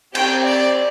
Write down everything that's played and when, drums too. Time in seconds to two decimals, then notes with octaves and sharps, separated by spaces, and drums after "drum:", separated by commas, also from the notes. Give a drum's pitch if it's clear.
0.15 C4 G4 G5, drum: cymbal
0.45 D5